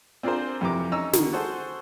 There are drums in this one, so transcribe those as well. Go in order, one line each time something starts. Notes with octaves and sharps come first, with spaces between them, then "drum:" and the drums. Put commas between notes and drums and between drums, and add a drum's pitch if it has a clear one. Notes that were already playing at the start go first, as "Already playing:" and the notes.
C4 D4 F4 G#4 A#4 C5
F2 C3 E3 A#5 D6
C#4 D#4 A#5 E6
D3 D#3, drum: snare
F#4 G#4 A4 C5